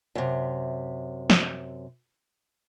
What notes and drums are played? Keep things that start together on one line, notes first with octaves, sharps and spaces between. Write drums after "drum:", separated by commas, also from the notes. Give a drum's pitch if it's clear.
F#2 C3
drum: snare